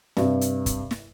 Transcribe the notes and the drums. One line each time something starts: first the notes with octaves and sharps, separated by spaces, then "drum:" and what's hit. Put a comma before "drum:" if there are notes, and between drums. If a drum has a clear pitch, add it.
G2 C3, drum: snare
drum: hi-hat
drum: kick, hi-hat
drum: snare